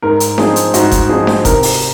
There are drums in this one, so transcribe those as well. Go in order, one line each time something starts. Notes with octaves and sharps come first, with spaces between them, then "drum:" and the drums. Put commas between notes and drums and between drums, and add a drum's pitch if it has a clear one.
G#2 A#4
drum: hi-hat
F3 C4 D#4 G#4, drum: snare D4
drum: hi-hat
G#2 F#4, drum: hi-hat
drum: kick F1, hi-hat
F3 C4 D#4 G#4
drum: snare D4
C3 A#4, drum: kick F1, hi-hat
drum: open hi-hat